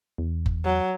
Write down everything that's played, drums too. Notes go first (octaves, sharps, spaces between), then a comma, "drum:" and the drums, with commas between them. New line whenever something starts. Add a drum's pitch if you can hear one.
E2
drum: kick F#1
F#3